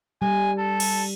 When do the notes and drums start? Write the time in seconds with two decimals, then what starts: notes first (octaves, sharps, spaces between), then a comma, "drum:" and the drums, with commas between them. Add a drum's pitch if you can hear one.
0.22 G3 G#5
0.58 A4
0.80 drum: cymbal